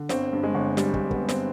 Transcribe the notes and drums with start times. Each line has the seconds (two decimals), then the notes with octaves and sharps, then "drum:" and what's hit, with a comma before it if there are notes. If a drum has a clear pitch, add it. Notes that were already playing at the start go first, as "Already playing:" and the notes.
Already playing: D3
0.09 G1 C4, drum: snare
0.33 G2
0.43 G#3
0.54 G1
0.77 G2 G3, drum: snare
0.94 G#3, drum: kick
1.00 G1
1.11 B3, drum: kick
1.22 G2
1.29 C4, drum: snare